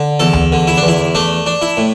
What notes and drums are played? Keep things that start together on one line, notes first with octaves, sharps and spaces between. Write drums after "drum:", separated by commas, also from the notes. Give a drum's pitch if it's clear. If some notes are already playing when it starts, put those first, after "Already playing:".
Already playing: D3
E2 A4
drum: tom D2
D3
E4
D4
E2
E4
A3 D4
D4
E4
A2